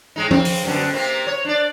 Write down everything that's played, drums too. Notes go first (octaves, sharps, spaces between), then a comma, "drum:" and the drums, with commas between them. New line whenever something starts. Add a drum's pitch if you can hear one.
G#2 G#3 D#4
C#3 C4, drum: tom F3
drum: open hi-hat
F#2 B2 D3
C3 A#3 C4
C#5
D4 D5